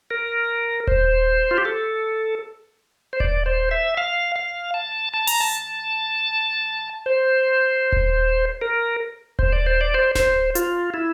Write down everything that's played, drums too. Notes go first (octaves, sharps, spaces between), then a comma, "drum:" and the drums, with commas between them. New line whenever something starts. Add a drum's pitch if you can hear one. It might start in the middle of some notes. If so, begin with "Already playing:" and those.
A#4
C5, drum: kick D#1
F4
G4
A4
C5
D5, drum: kick D#1
C5
E5
F5
F5
A5
A5
A#5, drum: open hi-hat
A5
C5
drum: kick D#1
A#4
C5, drum: kick D#1
D5
C5
D5
C5
C5, drum: snare D1
F4, drum: hi-hat
E4